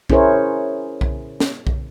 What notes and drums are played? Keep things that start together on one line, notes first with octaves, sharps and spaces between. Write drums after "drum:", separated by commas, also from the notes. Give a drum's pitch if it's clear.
C#4 E4 G#4 A#4 C5 C#5, drum: kick B1
drum: kick B1
drum: snare
drum: kick B1